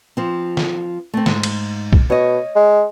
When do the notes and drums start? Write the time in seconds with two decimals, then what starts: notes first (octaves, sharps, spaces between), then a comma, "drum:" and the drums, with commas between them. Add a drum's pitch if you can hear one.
0.17 F3 C4
0.57 drum: snare
1.14 A3 C4
1.26 G#2, drum: snare
1.43 drum: cymbal
1.93 drum: kick B1
2.10 B2 C#5 D#5
2.56 G#3